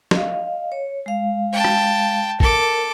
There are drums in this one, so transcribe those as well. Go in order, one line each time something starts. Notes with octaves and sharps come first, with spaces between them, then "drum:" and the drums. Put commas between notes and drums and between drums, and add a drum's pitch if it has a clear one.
D#5 F5, drum: snare
C#5
G#3 F5
G5 A5
drum: rim click
A4 A#4 D6, drum: kick